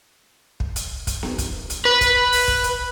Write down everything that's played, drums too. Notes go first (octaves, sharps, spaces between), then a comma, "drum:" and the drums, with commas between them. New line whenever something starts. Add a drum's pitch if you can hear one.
drum: kick
drum: hi-hat
drum: kick, hi-hat
drum: snare B3
drum: kick, hi-hat
drum: hi-hat
B4
drum: kick, hi-hat
drum: open hi-hat
drum: kick
drum: hi-hat